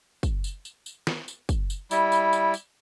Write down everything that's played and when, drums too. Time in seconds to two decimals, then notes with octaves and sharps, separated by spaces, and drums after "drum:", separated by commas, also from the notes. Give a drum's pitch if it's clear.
0.23 drum: kick, tambourine
0.44 drum: tambourine
0.65 drum: tambourine
0.86 drum: tambourine
1.07 drum: snare
1.28 drum: tambourine
1.49 drum: kick, tambourine
1.70 drum: tambourine
1.91 G3 E4, drum: tambourine
2.12 drum: tambourine
2.33 drum: tambourine
2.54 drum: tambourine